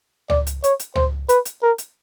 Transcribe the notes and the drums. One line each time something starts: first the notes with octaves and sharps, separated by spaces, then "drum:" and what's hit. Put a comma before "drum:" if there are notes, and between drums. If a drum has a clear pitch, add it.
D5, drum: tom C#2
drum: hi-hat
C#5, drum: hi-hat
drum: hi-hat
C5, drum: tom C#2
B4, drum: hi-hat
drum: hi-hat
A#4
drum: hi-hat